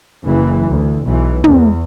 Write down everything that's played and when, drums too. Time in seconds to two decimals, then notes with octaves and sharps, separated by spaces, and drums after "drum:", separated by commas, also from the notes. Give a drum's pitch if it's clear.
0.24 F#1 E3
0.69 D2
1.04 B1 E3
1.44 E2, drum: tom